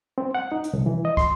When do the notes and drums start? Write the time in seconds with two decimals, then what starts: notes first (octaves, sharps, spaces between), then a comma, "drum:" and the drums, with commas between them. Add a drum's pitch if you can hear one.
0.18 C4
0.35 F#5
0.52 D#4
0.64 drum: hi-hat
0.73 C2
0.86 E3
1.05 D#5
1.17 C6, drum: kick